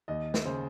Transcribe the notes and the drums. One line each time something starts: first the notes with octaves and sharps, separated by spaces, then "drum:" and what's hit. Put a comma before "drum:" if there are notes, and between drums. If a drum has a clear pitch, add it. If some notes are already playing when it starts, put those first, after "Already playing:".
D#2 D#5
drum: snare
C#3 C5